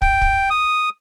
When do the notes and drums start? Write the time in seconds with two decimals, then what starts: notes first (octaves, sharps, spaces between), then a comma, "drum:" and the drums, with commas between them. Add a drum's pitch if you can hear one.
0.02 G5, drum: kick
0.22 drum: kick
0.50 D#6